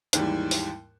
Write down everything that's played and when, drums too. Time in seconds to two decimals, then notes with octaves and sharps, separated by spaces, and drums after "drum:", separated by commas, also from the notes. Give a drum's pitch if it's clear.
0.13 D#2 G#2 E3 G3, drum: hi-hat
0.51 drum: open hi-hat